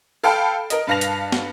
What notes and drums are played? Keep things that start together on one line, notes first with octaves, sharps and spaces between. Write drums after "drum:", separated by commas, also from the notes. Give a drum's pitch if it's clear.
A4 F5 G5 A5 B5
A#4 D#5, drum: hi-hat
G2 B4 F5 A5 A#6 F7
drum: hi-hat
drum: snare